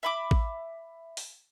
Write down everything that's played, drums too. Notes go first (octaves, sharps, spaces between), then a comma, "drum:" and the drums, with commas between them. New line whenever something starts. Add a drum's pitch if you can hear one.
E5 B5 D6
drum: kick A1
drum: open hi-hat